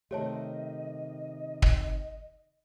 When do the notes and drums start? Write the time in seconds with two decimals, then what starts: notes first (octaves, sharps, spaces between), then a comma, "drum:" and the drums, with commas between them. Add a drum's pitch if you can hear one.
0.11 C3 D#3 A3 G4 C#5 D#5 A5
1.62 drum: kick